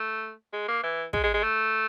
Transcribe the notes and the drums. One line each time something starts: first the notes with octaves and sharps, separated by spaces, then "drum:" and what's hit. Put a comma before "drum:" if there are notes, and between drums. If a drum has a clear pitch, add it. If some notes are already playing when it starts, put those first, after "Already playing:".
Already playing: A3
G#3
A#3
E3
G#3, drum: kick
G#3
G#3
A3